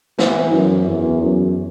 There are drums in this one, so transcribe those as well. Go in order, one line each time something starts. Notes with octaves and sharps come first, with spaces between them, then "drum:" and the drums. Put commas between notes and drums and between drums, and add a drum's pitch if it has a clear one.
E3, drum: snare
F#2
E2
F#2